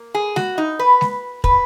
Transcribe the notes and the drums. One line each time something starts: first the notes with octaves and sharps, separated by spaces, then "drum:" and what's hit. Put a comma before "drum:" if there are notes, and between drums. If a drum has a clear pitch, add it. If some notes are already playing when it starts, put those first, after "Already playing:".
Already playing: A#3
G#4
F#4, drum: snare G#3
D#4
B4
drum: snare G#3
B4, drum: kick